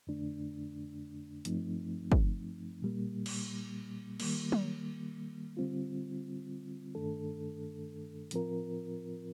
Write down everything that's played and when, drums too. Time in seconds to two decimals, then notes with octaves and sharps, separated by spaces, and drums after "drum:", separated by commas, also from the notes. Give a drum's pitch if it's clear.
0.07 F2 D3 A3 D4
1.45 G2 F3 A3 C4 D#4, drum: hi-hat
2.12 drum: kick
2.82 A#2 G3 A#3
3.26 drum: cymbal
4.20 D#3 G3 A#3, drum: cymbal
4.52 drum: tom F#3
5.57 D3 G3 C4 F4
6.95 G2 D#3 A3 D4 A4
8.31 A2 F3 C4 F4 A#4, drum: hi-hat